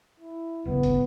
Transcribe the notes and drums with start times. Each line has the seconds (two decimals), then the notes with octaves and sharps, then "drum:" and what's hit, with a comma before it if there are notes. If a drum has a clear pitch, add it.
0.20 E4
0.65 D1 G1 C#3 B3
0.83 drum: kick, hi-hat